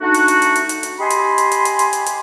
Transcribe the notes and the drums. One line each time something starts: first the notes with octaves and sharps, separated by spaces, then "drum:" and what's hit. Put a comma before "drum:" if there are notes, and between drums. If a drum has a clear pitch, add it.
A3 D4 D#4 F#4
drum: hi-hat
drum: hi-hat
drum: hi-hat
drum: hi-hat
drum: hi-hat
drum: hi-hat
G4 D#5 G#5 B5 C6
drum: hi-hat
drum: hi-hat
drum: hi-hat
drum: hi-hat
drum: hi-hat
drum: hi-hat
drum: hi-hat